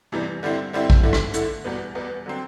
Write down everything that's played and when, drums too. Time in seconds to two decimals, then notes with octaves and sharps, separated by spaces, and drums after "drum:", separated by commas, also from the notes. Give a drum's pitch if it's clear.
0.12 E2 C3 E3 G3
0.43 D3 G3 C4 E4
0.73 D3 G3 C4 E4
0.90 drum: kick A#1
1.03 D3 A3 E4
1.13 drum: rim click
1.33 D3 A3 E4, drum: hi-hat
1.64 E2 B2 G3 B3
1.95 E2 B2 G3 B3
2.26 D3 F#3 C4